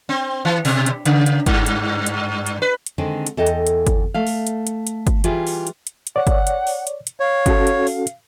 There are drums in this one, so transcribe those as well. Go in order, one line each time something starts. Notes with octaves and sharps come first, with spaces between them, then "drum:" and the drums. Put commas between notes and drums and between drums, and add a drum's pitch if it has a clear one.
C4
E3
B2, drum: open hi-hat
drum: hi-hat
C#3, drum: hi-hat
drum: hi-hat
G2, drum: kick G1, hi-hat
drum: hi-hat
drum: hi-hat
drum: hi-hat
B4
drum: hi-hat
D3 D#3 G#3 C4
drum: hi-hat
E2 A4 D#5 G5
drum: hi-hat
drum: hi-hat
drum: kick G1, hi-hat
A3 F5
drum: open hi-hat
drum: hi-hat
drum: hi-hat
drum: hi-hat
drum: kick G1, hi-hat
E3 G3 F4 G#4, drum: hi-hat
drum: open hi-hat
drum: hi-hat
drum: hi-hat
drum: hi-hat
C#5 D5 F#5
drum: kick G1, hi-hat
drum: hi-hat
drum: open hi-hat
drum: hi-hat
drum: hi-hat
C#5 F5
C#4 F#4 A4, drum: kick G1, hi-hat
drum: hi-hat
drum: open hi-hat
drum: hi-hat